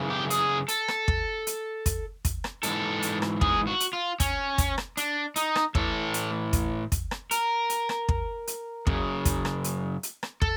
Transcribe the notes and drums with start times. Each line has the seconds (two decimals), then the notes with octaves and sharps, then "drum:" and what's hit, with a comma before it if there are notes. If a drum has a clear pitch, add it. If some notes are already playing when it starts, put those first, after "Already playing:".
Already playing: F#2 C#3 E3
0.10 G4
0.30 G#4, drum: hi-hat
0.68 A4, drum: hi-hat
0.88 drum: rim click
1.08 drum: kick
1.47 drum: hi-hat
1.86 drum: kick, hi-hat
2.25 drum: kick, hi-hat
2.44 drum: rim click
2.63 G#2 E3 A4, drum: hi-hat
3.02 drum: hi-hat
3.22 drum: rim click
3.41 G#4, drum: kick
3.67 F#4
3.80 drum: hi-hat
3.93 F4
4.20 C#4, drum: kick, hi-hat
4.58 drum: kick, hi-hat
4.78 drum: rim click
4.97 D4, drum: hi-hat
5.36 D#4, drum: hi-hat
5.56 drum: rim click
5.75 A2 E3 A4, drum: kick
6.14 drum: hi-hat
6.53 drum: kick, hi-hat
6.92 drum: kick, hi-hat
7.11 drum: rim click
7.31 A#4, drum: hi-hat
7.70 drum: hi-hat
7.89 drum: rim click
8.09 drum: kick
8.47 drum: hi-hat
8.87 F#2 C#3, drum: kick
9.25 drum: kick, hi-hat
9.45 drum: rim click
9.64 drum: hi-hat
10.03 drum: hi-hat
10.23 drum: rim click
10.42 A4, drum: kick